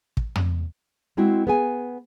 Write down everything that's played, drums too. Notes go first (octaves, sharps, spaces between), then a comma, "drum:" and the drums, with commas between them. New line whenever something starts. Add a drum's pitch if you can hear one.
drum: kick
drum: tom
G#3 C4 E4 F#4
B3 G#4 G#5